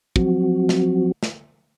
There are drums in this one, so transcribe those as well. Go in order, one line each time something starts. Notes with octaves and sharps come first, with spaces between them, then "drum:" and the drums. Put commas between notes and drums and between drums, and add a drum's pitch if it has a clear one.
F3 F#3 C4 F#4, drum: kick
drum: snare
drum: snare